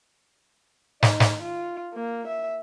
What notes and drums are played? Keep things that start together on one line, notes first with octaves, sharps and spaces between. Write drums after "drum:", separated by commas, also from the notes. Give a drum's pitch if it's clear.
D#4, drum: snare
drum: snare
F4
A#3
E5